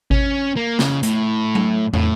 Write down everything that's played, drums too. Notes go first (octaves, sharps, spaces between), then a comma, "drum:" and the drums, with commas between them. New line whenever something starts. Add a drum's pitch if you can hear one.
C#4, drum: kick G#1
A#3
C#3, drum: snare
A2, drum: hi-hat
drum: tom F#3
A2, drum: tom